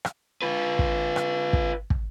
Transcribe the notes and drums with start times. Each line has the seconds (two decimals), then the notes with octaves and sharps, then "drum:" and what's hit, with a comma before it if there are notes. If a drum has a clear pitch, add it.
0.05 drum: rim click
0.42 F4 B4
0.79 drum: kick
1.16 drum: rim click
1.53 drum: kick
1.90 drum: kick